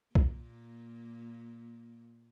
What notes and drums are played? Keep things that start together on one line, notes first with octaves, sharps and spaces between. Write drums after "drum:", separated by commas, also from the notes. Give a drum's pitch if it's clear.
A#2 A#3, drum: kick B1